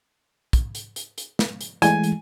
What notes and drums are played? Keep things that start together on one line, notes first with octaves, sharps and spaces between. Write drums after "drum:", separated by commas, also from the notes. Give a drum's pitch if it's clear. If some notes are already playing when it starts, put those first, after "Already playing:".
drum: kick, hi-hat
drum: hi-hat
drum: hi-hat
drum: hi-hat
drum: snare
drum: hi-hat
E3 G#3 A3 G#5, drum: hi-hat
drum: hi-hat